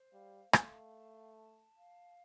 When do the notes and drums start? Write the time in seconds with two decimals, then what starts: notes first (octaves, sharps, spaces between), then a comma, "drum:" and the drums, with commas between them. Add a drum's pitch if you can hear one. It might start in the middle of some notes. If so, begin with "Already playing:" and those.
Already playing: C5
0.13 G3 F5
0.53 A3 F5, drum: rim click
0.95 A5
1.36 A5
1.77 F5